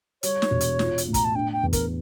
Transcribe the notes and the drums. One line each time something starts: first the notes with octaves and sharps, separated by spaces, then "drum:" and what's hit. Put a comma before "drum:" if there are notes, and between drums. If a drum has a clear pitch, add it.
G3 C#5, drum: hi-hat
drum: snare
E1
drum: hi-hat
F4, drum: snare
drum: hi-hat
A2
A#5, drum: kick, hi-hat
A5
D4 G5
G5
E2
A#4, drum: kick, hi-hat